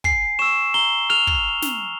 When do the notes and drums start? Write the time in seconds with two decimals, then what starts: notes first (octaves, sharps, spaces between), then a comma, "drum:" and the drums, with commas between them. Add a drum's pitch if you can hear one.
0.04 G#5 C7, drum: kick
0.39 C#6 E6 E7
0.74 A#5 G7
1.10 F6 F7
1.27 drum: kick
1.62 drum: snare